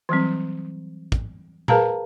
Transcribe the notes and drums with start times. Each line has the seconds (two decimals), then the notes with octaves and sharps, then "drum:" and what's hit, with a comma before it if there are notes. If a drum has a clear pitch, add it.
0.09 E3 F#3 G3 C4
1.12 drum: kick
1.68 G#4 A#4 B4 F5 A5 A#5, drum: tom A#2